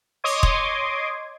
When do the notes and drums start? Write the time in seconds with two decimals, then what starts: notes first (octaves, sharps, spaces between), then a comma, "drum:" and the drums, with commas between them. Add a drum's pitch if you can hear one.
0.24 C#5 D#5 C6 D6 D#6 G#6
0.43 drum: kick